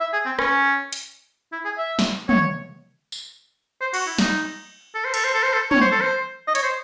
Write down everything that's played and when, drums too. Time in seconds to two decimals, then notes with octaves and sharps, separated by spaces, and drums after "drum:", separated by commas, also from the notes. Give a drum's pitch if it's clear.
0.01 E5
0.13 G#4
0.25 C4
0.39 C#4, drum: rim click
0.92 drum: hi-hat
1.52 E4
1.65 G#4
1.78 E5
1.99 drum: snare
2.29 C#5, drum: tom
3.12 drum: tambourine
3.81 C5
3.94 F#4, drum: cymbal
4.07 E4
4.18 D#4, drum: snare
4.95 A4
5.05 C5
5.14 A4, drum: cymbal
5.25 C5
5.34 A4
5.43 C5
5.53 A4
5.71 C#5, drum: tom
5.81 C5
5.92 A4
6.01 C5
6.48 D#5
6.55 C#5, drum: hi-hat
6.63 C5